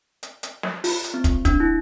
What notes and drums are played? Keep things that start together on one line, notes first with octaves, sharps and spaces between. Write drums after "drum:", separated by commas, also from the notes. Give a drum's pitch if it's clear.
drum: hi-hat
drum: hi-hat
drum: snare
F4, drum: open hi-hat
drum: hi-hat
C4
drum: kick, hi-hat
D4, drum: kick, hi-hat
E4